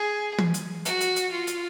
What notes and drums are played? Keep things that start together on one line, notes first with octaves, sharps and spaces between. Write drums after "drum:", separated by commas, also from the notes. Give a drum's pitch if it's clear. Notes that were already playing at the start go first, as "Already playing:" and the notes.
Already playing: G#4
drum: tom
drum: hi-hat
F#4, drum: hi-hat
drum: hi-hat
drum: hi-hat
F4
drum: hi-hat